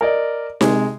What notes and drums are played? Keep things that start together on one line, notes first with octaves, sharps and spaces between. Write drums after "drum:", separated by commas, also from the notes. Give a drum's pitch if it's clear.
A#4 D5 D#5
C3 G#3, drum: snare D#4